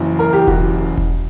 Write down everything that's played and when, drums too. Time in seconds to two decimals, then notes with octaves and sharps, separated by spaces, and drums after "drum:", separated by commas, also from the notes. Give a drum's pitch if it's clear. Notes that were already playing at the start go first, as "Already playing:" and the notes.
Already playing: F#1 F#2 E3
0.19 A#4
0.33 G4
0.47 F#4, drum: kick E1, hi-hat
0.97 drum: kick E1